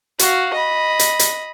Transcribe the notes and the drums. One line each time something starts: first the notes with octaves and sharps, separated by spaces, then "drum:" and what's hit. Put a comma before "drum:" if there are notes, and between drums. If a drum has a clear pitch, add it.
F#4 F5, drum: hi-hat
D#5 B5
drum: hi-hat
drum: hi-hat